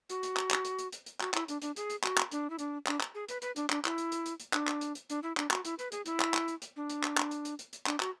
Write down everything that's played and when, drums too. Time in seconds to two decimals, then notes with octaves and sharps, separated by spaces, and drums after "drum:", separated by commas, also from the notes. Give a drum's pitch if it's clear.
0.10 F#4, drum: hi-hat
0.23 drum: hi-hat
0.37 drum: clap
0.51 drum: clap
0.65 drum: hi-hat
0.79 drum: hi-hat
0.92 drum: hi-hat
1.06 drum: hi-hat
1.21 F#4, drum: clap
1.34 E4, drum: clap
1.48 D4, drum: hi-hat
1.62 D4, drum: hi-hat
1.76 G#4, drum: hi-hat
1.90 drum: hi-hat
2.04 F#4, drum: clap
2.17 drum: clap
2.31 D4, drum: hi-hat
2.50 E4
2.59 D4, drum: hi-hat
2.87 D4, drum: clap
3.01 drum: clap
3.15 G#4
3.29 B4, drum: hi-hat
3.42 B4, drum: hi-hat
3.56 D4, drum: hi-hat
3.70 D4, drum: clap
3.85 E4, drum: clap
3.98 drum: hi-hat
4.12 drum: hi-hat
4.26 drum: hi-hat
4.40 drum: hi-hat
4.53 D4, drum: clap
4.67 drum: clap
4.81 drum: hi-hat
4.95 drum: hi-hat
5.10 D4, drum: hi-hat
5.23 E4
5.37 D4, drum: clap
5.51 F#4, drum: clap
5.65 E4, drum: hi-hat
5.79 B4, drum: hi-hat
5.92 G#4, drum: hi-hat
6.06 E4, drum: hi-hat
6.20 drum: clap
6.34 drum: clap
6.48 drum: hi-hat
6.62 drum: hi-hat
6.76 D4
6.90 drum: hi-hat
7.03 drum: clap
7.17 drum: clap
7.31 drum: hi-hat
7.45 drum: hi-hat
7.59 drum: hi-hat
7.73 drum: hi-hat
7.86 D4, drum: clap
8.00 F#4, drum: clap